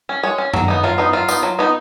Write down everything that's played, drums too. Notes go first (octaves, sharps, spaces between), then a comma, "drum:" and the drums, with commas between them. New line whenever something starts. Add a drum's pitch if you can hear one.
C#4
G#3 C#5
C#4
F#3, drum: tom F#2
B3 D#4
F#3 F4
B3 D#4
F#3 F4
B3 D#4, drum: tambourine
F#3
B3 D#4